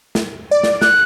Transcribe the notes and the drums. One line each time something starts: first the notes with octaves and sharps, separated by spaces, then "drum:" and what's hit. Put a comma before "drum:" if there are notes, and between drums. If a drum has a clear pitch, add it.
drum: snare
D5
drum: snare
F#6, drum: snare